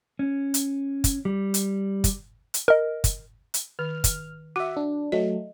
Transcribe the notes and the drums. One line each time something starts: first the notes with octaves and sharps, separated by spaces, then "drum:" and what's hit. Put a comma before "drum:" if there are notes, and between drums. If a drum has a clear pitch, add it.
C#4
drum: hi-hat
drum: kick, hi-hat
G3
drum: hi-hat
drum: kick, hi-hat
drum: hi-hat
A#4 D#5
drum: kick, hi-hat
drum: hi-hat
D#3 F6
drum: kick, hi-hat
F#4 E5 F#5
D4
F#3 A3 D#5